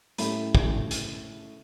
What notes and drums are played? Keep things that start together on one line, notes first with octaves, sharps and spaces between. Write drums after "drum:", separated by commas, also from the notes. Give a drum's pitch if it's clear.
A2 C#4 G4 A4 E5 B5, drum: hi-hat
drum: kick
drum: hi-hat